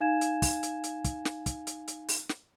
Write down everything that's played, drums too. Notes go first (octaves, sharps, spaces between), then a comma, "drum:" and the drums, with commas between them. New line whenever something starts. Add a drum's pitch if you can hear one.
D#4 F5 G#5 G#6 E7
drum: hi-hat
drum: kick, open hi-hat
drum: hi-hat
drum: hi-hat
drum: kick, hi-hat
drum: snare
drum: kick, hi-hat
drum: hi-hat
drum: hi-hat
drum: open hi-hat
drum: snare